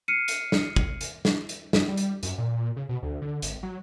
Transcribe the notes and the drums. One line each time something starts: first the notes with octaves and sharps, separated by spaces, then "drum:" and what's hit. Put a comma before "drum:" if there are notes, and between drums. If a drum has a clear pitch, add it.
F6 C7 C#7 D#7
drum: hi-hat
drum: snare
drum: kick
drum: hi-hat
drum: snare
drum: hi-hat
F#2, drum: snare
G3
drum: hi-hat
F#2, drum: hi-hat
A#2
C#3
B2
D2
D3
G#1, drum: hi-hat
F#3